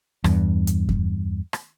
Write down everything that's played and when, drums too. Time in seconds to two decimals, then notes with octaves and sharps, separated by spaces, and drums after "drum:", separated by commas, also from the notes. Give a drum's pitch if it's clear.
0.24 E2 G2, drum: rim click
0.67 drum: hi-hat
0.89 drum: kick E2
1.53 drum: rim click